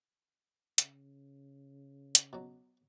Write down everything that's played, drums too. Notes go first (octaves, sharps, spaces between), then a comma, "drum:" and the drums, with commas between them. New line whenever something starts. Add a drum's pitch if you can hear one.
C#3, drum: hi-hat
drum: hi-hat
B2 F#3